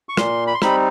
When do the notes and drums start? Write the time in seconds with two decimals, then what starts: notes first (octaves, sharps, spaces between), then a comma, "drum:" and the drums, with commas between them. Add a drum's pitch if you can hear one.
0.09 C#6
0.17 A#2 C6, drum: rim click
0.47 B5
0.54 C6
0.62 G3 C4 D#4 B5, drum: rim click